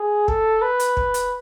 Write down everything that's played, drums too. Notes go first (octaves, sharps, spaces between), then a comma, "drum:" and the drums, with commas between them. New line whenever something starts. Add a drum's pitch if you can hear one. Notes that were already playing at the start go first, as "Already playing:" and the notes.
Already playing: G#4
A4, drum: kick
B4
drum: hi-hat
drum: kick
drum: hi-hat